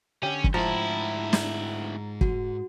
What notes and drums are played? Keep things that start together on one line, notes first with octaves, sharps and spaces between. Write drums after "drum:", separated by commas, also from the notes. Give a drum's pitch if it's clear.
D3 C#4 G4 G5
drum: kick
D2 G#2 F3 E4 A5 A#5
drum: snare
F#4, drum: kick